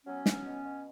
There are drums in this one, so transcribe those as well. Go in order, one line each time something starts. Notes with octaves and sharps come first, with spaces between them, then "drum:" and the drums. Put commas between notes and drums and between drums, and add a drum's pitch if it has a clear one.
F#3 B3 C#4
F#3, drum: snare
B2
B2